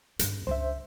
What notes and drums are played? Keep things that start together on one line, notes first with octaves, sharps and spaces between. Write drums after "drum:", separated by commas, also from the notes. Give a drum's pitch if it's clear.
G2 C#4, drum: hi-hat
C#2 D4 C5 E5